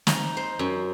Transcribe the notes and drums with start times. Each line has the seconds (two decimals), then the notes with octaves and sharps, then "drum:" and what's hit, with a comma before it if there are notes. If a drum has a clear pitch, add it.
0.07 D#4, drum: snare
0.37 C5
0.59 F#2